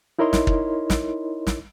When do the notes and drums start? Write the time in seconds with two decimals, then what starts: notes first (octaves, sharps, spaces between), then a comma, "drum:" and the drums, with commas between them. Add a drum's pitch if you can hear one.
0.19 D#4 E4 A#4 C#5 D#5 C6
0.33 drum: snare
0.47 drum: kick
0.90 drum: snare
1.47 drum: snare